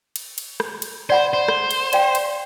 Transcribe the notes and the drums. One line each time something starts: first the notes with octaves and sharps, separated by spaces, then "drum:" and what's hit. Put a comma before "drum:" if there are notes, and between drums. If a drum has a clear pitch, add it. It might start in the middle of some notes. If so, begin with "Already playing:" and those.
drum: cymbal
drum: cymbal
drum: rim click
drum: cymbal
C5 D5 F#5 B5
C5
drum: rim click
drum: cymbal
D5 F5 G5, drum: cymbal
drum: cymbal